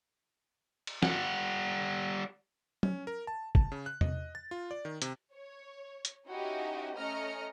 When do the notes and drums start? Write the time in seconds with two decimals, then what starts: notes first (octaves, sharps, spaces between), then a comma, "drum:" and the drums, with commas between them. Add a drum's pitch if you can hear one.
0.87 drum: cymbal
1.03 G3 F#5, drum: snare
2.83 C#4, drum: tom
3.07 A#4
3.27 A5
3.55 A5, drum: kick
3.72 C#3
3.86 F#6
4.01 D#5, drum: tom E2
4.35 A6
4.51 F4
4.71 D5
4.85 D#3
5.02 C3, drum: hi-hat
5.34 C#5
6.05 drum: hi-hat
6.28 C#4 D#4 E4 F#4 G4 D#5
6.95 A3 C#4 D#5 A#5 F6 C#7